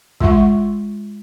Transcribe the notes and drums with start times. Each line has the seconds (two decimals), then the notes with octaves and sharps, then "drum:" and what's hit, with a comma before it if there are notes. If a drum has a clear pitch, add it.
0.20 G#3 F4 E5 F#5 C6 C#6, drum: kick